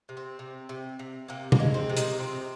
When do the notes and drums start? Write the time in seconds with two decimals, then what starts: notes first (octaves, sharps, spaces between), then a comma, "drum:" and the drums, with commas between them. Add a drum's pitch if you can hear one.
0.09 C3
0.17 C4
0.39 C3
0.69 C3
0.99 C3
1.28 C3 A#3
1.52 A#3, drum: tom B2
1.60 G#3
1.74 C4
1.90 C3
1.97 A#3 D#4, drum: hi-hat
2.19 C3 C4 F4